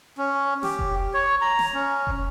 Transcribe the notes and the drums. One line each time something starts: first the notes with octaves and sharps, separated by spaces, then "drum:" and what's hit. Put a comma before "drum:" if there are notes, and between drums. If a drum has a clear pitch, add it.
C#4
G4, drum: snare
drum: kick F1
C#5
A#5
drum: snare
C#4
drum: kick F1